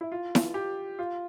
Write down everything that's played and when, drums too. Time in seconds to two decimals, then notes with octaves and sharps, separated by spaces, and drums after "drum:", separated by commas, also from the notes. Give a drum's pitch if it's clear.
0.01 E4
0.12 F4
0.35 drum: snare E4
0.54 G4
0.99 F4